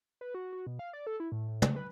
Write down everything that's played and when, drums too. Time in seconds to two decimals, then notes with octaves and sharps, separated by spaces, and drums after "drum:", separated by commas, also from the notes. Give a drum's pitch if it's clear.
0.21 B4
0.35 F#4
0.53 F#4
0.67 B2
0.79 F5
0.93 D5
1.07 A4
1.20 E4
1.32 A2
1.48 A2
1.62 A3, drum: tom
1.76 B4